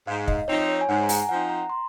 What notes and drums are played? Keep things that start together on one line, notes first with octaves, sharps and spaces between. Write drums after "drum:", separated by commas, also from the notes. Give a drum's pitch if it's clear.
G#2 F5
D#5, drum: kick
F3 C4 D#4 C#5
C#5
G#5
G#2 F#5
A#5
G#5, drum: open hi-hat
F3 C4 D#4 F#5
A#5
C6